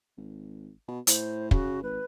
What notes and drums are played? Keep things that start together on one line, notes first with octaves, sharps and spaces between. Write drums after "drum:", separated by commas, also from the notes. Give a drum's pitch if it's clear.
G#1
B2
A2 C5, drum: hi-hat
C#3 F#4, drum: kick
G#1 B4